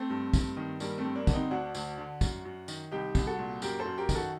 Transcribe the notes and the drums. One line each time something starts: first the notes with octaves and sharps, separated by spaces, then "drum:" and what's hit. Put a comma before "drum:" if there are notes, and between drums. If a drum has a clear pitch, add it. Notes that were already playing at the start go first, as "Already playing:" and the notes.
Already playing: A3 C4
G2
G2, drum: kick, tambourine
D#3
G2 G3 A#3, drum: tambourine
A3 C4
G2
A#3 D4
D3, drum: kick, tambourine
C4 D#4
D2 D4 F#4
D2, drum: tambourine
D3
F#2, drum: kick, tambourine
F#2
D#3, drum: tambourine
C2 D#4 G4
C2, drum: kick, tambourine
F#4 A4
A#2
F#2 G4 A#4, drum: tambourine
A4 C5
F#2
G4 A#4
D#3, drum: kick, tambourine
F#4 A4